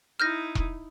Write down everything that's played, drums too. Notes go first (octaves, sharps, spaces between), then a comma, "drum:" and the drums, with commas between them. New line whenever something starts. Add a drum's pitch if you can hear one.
D#4 E4 F6 G6 A#6
drum: kick E1